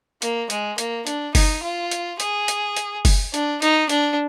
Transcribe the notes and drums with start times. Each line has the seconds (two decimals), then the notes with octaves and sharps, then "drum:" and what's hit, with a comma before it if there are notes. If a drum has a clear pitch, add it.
0.22 A#3, drum: hi-hat
0.50 G#3, drum: hi-hat
0.78 A#3, drum: hi-hat
1.07 D4, drum: hi-hat
1.35 D#4, drum: kick F#1, open hi-hat
1.63 F4
1.91 drum: hi-hat
2.20 G#4, drum: hi-hat
2.48 drum: hi-hat
2.76 drum: hi-hat
3.05 drum: kick F#1, open hi-hat
3.34 D4, drum: hi-hat
3.62 D#4, drum: hi-hat
3.89 D4, drum: hi-hat